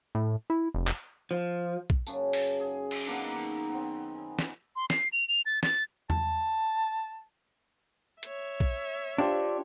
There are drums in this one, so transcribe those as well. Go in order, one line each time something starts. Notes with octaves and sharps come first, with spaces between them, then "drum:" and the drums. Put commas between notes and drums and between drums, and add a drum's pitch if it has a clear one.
A2
E4
F1
drum: clap
F3
drum: kick B1
F#2 C#3 A5, drum: tambourine
drum: open hi-hat
G#4 G#5
drum: cymbal
A#3 B3 D4 D#4
D#3
B3 C4
G#5
drum: snare
C6
C7, drum: snare
F7
F7
A6
A6, drum: snare
A5, drum: tom E2
C#5 E5, drum: hi-hat
drum: kick B1
D4 F4 G4 C5